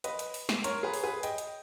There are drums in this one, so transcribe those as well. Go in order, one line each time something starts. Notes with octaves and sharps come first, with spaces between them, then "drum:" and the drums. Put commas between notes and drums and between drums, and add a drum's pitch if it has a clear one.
B4 D#5, drum: hi-hat
drum: hi-hat
drum: open hi-hat
drum: snare
A#4 C#5, drum: hi-hat
G#4 B4
drum: open hi-hat
G#4 B4
D#5 G5, drum: hi-hat
drum: hi-hat